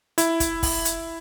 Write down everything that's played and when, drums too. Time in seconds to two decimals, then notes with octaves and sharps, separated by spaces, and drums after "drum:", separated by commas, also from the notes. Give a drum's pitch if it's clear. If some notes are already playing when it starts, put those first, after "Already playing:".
0.18 E4, drum: hi-hat
0.40 drum: kick, hi-hat
0.63 drum: kick, open hi-hat
0.85 drum: hi-hat